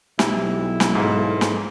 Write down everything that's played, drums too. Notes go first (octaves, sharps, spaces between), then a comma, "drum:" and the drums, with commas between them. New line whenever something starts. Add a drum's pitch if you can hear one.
B1 E4 G4, drum: snare
drum: snare
G#2 A4 B4 F5
drum: snare